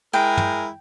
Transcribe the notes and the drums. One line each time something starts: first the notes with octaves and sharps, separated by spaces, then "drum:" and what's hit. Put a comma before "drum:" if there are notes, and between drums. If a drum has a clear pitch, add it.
G#3 E4 A#4 G5
drum: tom